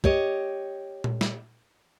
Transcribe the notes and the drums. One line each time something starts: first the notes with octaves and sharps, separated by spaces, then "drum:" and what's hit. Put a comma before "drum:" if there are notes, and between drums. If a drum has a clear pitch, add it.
G4 C#5 D#5, drum: kick
drum: tom A#2
drum: snare